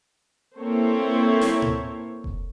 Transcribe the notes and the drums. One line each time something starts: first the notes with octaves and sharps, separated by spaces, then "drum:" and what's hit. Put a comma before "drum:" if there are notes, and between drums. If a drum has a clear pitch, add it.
A#3 C4 E4 A4 C5 C#5
drum: snare
drum: tom A2
drum: kick F1